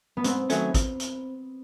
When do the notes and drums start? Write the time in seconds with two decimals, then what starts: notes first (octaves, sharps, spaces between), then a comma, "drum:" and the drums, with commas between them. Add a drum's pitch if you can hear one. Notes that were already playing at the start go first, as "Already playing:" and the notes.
0.17 B3
0.24 G#2 C4, drum: hi-hat
0.50 D#3 F#3 A3 C#4, drum: hi-hat
0.74 drum: kick, hi-hat
1.00 drum: hi-hat